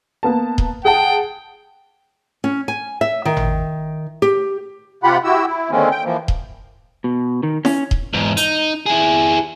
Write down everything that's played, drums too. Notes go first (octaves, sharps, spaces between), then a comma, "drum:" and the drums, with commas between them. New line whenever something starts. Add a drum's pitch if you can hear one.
A#3 B3 A5
drum: kick D#1
G#4 F#5 G5 A5
C#4
G#5
E5
D#3
drum: tom G#1
G4
C3 F4 G4 F#5 B5
E4 F#4 G4 E6
E4
D3 D#3 G#3 A#3 C4 C#4
G5
E3 F3 A#3
drum: kick D#1
B2
D#3
C#4, drum: snare E4
drum: kick D#1
E2 G#2
D#4, drum: hi-hat
E4 G#4